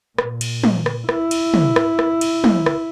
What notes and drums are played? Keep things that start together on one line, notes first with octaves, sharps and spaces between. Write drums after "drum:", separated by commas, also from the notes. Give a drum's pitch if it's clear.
A#2, drum: rim click
drum: cymbal
drum: tom
drum: rim click
E4, drum: rim click
drum: cymbal
drum: tom
drum: rim click
drum: rim click
drum: cymbal
drum: tom
drum: rim click